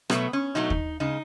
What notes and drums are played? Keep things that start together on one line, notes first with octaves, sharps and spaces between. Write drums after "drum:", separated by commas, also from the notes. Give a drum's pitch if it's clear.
B2 F#3 A3 B3, drum: rim click
C#4
B2 F#3 A3 D#4
drum: kick D#2
C#3 G#3 D#4